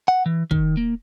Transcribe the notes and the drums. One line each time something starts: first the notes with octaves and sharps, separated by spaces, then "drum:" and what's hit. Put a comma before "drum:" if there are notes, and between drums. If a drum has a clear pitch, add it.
F#5
E3
D#3, drum: kick
A#3